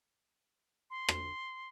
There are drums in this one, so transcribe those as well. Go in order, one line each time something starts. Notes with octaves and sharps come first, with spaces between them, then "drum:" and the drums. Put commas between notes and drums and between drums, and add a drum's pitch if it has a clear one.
C6
drum: rim click